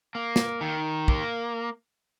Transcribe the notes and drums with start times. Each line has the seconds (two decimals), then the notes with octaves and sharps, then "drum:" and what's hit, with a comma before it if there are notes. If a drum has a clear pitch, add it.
0.15 A#3
0.36 drum: snare
0.61 D#3
1.08 A#3, drum: kick